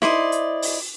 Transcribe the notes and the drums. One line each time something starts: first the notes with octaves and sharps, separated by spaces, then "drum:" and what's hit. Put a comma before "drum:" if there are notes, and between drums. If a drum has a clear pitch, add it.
E4 C5 D5 D#5, drum: snare D#4
drum: hi-hat
drum: open hi-hat